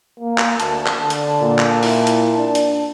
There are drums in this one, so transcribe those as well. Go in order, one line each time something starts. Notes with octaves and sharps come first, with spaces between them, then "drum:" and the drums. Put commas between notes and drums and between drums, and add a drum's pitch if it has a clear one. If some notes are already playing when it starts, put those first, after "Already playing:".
A#3
drum: clap
D2 A5, drum: hi-hat
drum: clap
D3
drum: hi-hat
A#2
drum: clap
E4, drum: open hi-hat
drum: hi-hat
D4
drum: hi-hat